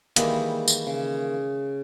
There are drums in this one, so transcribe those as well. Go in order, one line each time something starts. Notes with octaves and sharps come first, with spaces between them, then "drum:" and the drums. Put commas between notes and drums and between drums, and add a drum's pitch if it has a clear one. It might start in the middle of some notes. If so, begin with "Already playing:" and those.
D#3 E3 G3 G#3 A#3 B5, drum: hi-hat
drum: tambourine
C#3